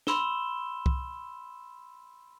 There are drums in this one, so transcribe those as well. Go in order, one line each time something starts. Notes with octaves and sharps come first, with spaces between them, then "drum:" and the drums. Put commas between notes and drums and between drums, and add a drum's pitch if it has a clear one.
B5 C6 E6 E7 G7, drum: snare
drum: kick C2